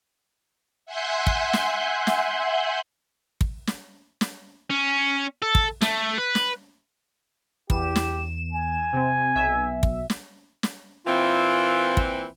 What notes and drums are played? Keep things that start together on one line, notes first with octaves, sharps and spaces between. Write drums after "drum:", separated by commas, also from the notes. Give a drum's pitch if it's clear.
E5 F#5 G#5 C6 F#6 G6
drum: kick
drum: snare
drum: snare
drum: kick
drum: snare
drum: snare
C#4
A4
drum: kick
A3, drum: snare
B4
drum: snare
E2 G4 E7, drum: kick
drum: snare
G#5
C3 C4
B1 B2 E5
drum: kick
drum: snare
drum: snare
A#2 E3 C4 F4
drum: kick